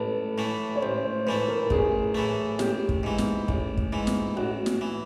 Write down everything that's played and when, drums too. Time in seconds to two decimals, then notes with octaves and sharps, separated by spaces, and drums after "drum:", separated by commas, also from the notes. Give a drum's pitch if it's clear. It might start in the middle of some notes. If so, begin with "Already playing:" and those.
Already playing: A1 A4 B4
0.38 A2 E3 A3
0.76 C#5
0.82 A1 C5
1.04 C5
1.26 A2 E3 A3 B4
1.48 A#4
1.70 A1 G#4, drum: kick
2.15 A2 E3 A3
2.59 A1 G4, drum: snare
2.89 drum: kick
3.03 G#2 E3
3.18 drum: snare
3.48 A1, drum: kick
3.77 drum: kick
3.92 G#2 E3
4.07 drum: snare
4.37 A1 F#4
4.66 drum: snare
4.81 E3